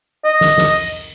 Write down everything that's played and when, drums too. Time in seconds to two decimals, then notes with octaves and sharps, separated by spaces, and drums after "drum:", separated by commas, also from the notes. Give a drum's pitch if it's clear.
0.24 D#5
0.41 drum: snare
0.58 drum: snare
0.74 drum: open hi-hat